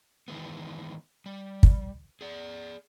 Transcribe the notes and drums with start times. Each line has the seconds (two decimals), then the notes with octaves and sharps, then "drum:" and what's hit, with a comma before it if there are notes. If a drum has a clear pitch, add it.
0.28 D#3 E3 G#3 B3
1.26 G3
1.63 drum: kick
2.21 G#4 D5